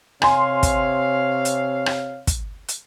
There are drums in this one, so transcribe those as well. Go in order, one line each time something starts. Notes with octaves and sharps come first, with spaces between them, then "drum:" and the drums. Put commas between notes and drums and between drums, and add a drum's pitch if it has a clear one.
C3 C#5 F5 G#5 C6, drum: rim click
drum: kick, hi-hat
drum: hi-hat
drum: rim click
drum: kick, hi-hat
drum: hi-hat